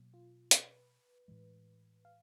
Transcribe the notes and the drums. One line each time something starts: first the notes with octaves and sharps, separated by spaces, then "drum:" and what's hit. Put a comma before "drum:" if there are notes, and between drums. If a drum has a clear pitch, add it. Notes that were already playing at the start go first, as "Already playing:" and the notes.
Already playing: B2 F#3 A#3
F4
B4, drum: hi-hat
A2 E3 G#3
F5